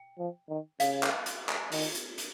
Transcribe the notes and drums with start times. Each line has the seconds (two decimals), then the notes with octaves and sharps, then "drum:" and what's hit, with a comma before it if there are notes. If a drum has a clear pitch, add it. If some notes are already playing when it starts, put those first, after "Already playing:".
Already playing: G5
0.19 F3
0.49 D#3
0.80 C#3 F5, drum: hi-hat
1.03 drum: clap
1.26 drum: hi-hat
1.49 drum: clap
1.72 D#3, drum: open hi-hat
1.95 drum: hi-hat
2.18 drum: hi-hat